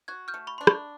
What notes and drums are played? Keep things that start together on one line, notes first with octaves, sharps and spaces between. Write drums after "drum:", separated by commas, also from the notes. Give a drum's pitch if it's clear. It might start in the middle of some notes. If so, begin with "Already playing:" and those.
F#4 F#6 G#6
F6 G6
A3
B5 C#6
D4 C6
B5 C#6, drum: rim click